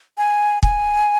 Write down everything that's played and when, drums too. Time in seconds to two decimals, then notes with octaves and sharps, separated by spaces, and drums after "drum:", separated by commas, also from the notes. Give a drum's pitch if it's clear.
0.18 G#5
0.63 G#5, drum: kick